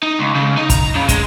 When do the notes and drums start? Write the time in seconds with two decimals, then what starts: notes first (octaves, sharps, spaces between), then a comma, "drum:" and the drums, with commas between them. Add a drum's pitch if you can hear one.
0.03 D#4
0.19 C#2
0.35 C#3
0.57 D#4
0.70 A#5, drum: kick, hi-hat
0.95 C#3
1.09 G#3, drum: kick, hi-hat